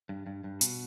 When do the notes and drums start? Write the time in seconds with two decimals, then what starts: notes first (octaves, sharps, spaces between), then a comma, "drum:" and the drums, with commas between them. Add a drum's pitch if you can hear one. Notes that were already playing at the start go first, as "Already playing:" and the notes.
0.09 G2
0.27 G2
0.44 G2
0.61 B2, drum: hi-hat